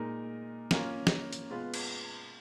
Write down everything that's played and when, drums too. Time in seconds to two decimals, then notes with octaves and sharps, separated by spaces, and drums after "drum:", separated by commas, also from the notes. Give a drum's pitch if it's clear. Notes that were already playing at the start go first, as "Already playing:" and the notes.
Already playing: A#2 G#3 D#4 A#4
0.71 A#3 C#4 F4 A#4, drum: snare
1.07 drum: snare
1.33 drum: hi-hat
1.49 B2 G#3 B3 F4 B4
1.74 drum: cymbal